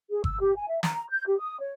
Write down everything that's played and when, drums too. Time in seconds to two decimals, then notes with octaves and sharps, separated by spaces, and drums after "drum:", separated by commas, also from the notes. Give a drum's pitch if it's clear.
0.11 G#4
0.24 E6, drum: kick G1
0.41 G4
0.58 G#5
0.69 E5
0.83 A#5, drum: snare
1.09 G6
1.27 G4
1.40 D#6
1.60 C#5